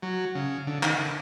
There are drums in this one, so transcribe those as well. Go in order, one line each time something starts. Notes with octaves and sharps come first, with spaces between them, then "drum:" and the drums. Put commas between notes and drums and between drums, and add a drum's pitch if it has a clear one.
F#3
C#3
D3
D#3, drum: clap
D3